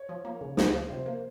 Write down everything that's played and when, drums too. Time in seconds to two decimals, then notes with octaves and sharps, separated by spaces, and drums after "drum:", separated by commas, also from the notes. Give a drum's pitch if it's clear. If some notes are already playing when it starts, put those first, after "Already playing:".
Already playing: C#5
0.09 F3
0.25 A#3
0.41 C#3
0.57 D2, drum: snare
0.74 F3
0.90 C3 C5
1.06 A#3